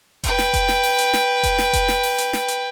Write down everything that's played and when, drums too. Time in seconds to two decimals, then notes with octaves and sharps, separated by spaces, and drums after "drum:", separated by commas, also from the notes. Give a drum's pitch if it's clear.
0.24 B4 G5, drum: kick F1, hi-hat
0.38 drum: snare
0.53 drum: kick F1, hi-hat
0.68 drum: snare
0.83 drum: open hi-hat
0.98 drum: hi-hat
1.13 drum: snare
1.43 drum: kick F1, hi-hat
1.58 drum: snare
1.73 drum: kick F1, hi-hat
1.88 drum: snare
2.03 drum: open hi-hat
2.18 drum: hi-hat
2.33 drum: snare
2.48 drum: hi-hat